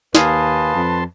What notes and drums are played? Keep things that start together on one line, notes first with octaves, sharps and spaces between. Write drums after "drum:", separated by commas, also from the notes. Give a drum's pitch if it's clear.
D#2 B4 F5 G#5 A5 C6 D#6, drum: snare
F2